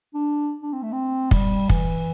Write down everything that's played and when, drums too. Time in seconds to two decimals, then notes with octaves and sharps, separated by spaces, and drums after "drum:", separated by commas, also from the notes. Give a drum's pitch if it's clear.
0.15 D4
0.63 D4
0.73 C4
0.83 A3
0.92 C4
1.31 G3, drum: kick
1.69 E3, drum: kick